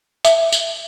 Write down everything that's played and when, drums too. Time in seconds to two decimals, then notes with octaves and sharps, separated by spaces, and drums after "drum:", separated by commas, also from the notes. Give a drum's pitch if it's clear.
0.25 E5, drum: tambourine
0.52 drum: tambourine